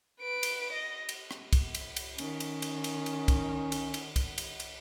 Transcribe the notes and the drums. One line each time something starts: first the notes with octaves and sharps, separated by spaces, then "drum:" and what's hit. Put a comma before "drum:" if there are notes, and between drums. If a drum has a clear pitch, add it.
B4 D7
drum: cymbal
D#5
drum: cymbal
drum: rim click
drum: kick C2, cymbal
drum: cymbal
drum: cymbal
D#3 C#4, drum: cymbal
drum: cymbal
drum: cymbal
drum: cymbal
drum: cymbal
drum: kick C2, cymbal
drum: cymbal
drum: cymbal
drum: kick C2, cymbal
drum: cymbal
drum: cymbal